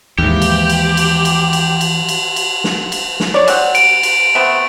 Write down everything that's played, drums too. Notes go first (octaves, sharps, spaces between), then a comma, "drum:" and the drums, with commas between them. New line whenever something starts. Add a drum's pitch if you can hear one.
D#2 G#2 E3 F3 G4
drum: cymbal
drum: cymbal
drum: cymbal
drum: cymbal
drum: cymbal
drum: cymbal
drum: cymbal
drum: cymbal
drum: snare
drum: cymbal
drum: snare
C#5 D5
G#3 C4 F#5, drum: cymbal
D7, drum: cymbal
drum: cymbal
A3 B3 C4